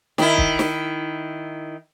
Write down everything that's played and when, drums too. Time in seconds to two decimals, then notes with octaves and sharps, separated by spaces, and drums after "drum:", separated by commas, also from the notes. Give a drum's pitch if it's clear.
0.18 D#3 E4, drum: snare
0.38 drum: kick
0.59 drum: snare